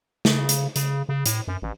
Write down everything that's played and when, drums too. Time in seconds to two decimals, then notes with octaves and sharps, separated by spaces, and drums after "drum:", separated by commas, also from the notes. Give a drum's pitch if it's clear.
0.25 C#3, drum: snare
0.49 drum: hi-hat
0.76 C#3, drum: hi-hat
1.09 C#3
1.26 A2, drum: hi-hat
1.48 F#2
1.62 A1